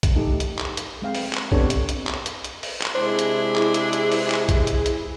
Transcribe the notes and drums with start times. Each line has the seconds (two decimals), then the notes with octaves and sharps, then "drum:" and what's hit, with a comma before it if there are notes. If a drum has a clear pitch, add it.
0.03 drum: kick, hi-hat
0.15 A3 D#4 G4 A4
0.40 drum: hi-hat
0.59 drum: clap
0.77 drum: hi-hat
1.02 G#3 C4 F5 G5
1.15 drum: open hi-hat
1.33 drum: clap
1.52 B3 C4 D4 G4 A4 C#5, drum: kick
1.70 drum: hi-hat
1.89 drum: hi-hat
2.07 drum: clap
2.26 drum: hi-hat
2.44 drum: hi-hat
2.63 drum: open hi-hat
2.82 drum: clap
2.95 C3 G#3 D4 E4 G#4 C5
3.19 drum: hi-hat
3.56 drum: clap
3.74 drum: hi-hat
3.93 drum: hi-hat
4.12 drum: open hi-hat
4.30 drum: clap
4.49 drum: kick, hi-hat
4.67 drum: hi-hat
4.86 drum: hi-hat